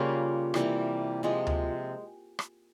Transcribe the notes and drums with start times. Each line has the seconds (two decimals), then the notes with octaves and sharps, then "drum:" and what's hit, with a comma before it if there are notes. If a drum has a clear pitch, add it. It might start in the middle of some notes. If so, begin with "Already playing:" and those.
Already playing: C#3 G3 A#3 F4 G4
0.54 C3 E3 G3 A#3, drum: rim click
1.23 C3 F3 G#3
1.47 drum: tom D2
2.39 drum: rim click